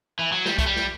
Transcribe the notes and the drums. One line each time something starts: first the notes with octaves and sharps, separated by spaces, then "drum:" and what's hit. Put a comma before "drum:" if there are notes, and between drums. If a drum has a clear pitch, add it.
E3
F#3
G3, drum: snare
A3, drum: kick B1, hi-hat
G3
drum: snare